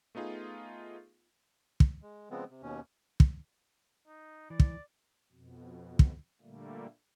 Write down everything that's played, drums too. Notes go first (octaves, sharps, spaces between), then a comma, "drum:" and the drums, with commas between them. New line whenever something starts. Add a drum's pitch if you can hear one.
A3 B3 D#4 F4 G#4
drum: kick
G#3
C#3 F3 G#3 B3 C4
C3
D#2 B2 C#4
drum: kick
D#4
E3 D5
drum: kick
F2 B2
drum: kick
A#2 D3 G3 A3 A#3